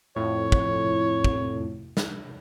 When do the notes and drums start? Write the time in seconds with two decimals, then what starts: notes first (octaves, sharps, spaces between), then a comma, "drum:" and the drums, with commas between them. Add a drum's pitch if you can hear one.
0.16 F2 A2 C#5
0.52 drum: kick
1.24 drum: kick
1.97 drum: snare